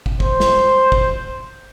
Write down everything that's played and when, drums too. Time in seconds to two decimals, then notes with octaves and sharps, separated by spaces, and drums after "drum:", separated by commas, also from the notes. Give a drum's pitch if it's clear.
0.06 drum: kick
0.20 C5, drum: kick
0.40 drum: snare
0.92 drum: kick